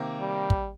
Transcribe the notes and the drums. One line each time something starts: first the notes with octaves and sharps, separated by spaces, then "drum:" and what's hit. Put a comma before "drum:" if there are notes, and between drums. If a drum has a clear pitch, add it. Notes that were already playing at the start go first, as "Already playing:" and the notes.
Already playing: C3 D#3 A#3
G3
drum: kick